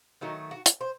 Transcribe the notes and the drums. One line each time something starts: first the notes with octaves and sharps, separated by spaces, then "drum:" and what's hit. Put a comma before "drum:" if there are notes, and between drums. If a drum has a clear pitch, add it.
D#3 F#3 A3 D#4
F#4
drum: hi-hat
C5